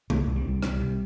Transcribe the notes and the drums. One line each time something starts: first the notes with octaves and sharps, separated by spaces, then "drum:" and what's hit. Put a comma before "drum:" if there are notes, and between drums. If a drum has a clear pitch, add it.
C2, drum: tom
C2
G3
C2
C3 G3, drum: rim click
C3